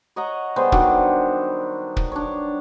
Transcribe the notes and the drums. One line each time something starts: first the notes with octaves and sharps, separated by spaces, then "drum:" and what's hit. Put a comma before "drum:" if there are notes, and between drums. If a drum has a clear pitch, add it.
C#5 D#5 F#5 A#5
G3 B3 G#4 C5
D#3 F#3 G3 D4, drum: kick
drum: kick
D4 C#5